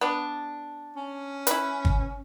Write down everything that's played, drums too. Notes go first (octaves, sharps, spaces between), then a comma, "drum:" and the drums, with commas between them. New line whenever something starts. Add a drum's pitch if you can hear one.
B3 D4
C#4
E4 B4, drum: hi-hat
drum: kick